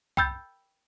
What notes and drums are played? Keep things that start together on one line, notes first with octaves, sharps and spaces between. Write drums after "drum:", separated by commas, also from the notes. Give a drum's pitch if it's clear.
G5 B5 E6 G6 A6, drum: kick